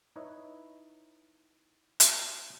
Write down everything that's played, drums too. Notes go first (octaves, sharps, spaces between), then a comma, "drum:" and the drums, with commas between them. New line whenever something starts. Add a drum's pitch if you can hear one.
D#4 E4 B4 C#5 D#5 E5
drum: hi-hat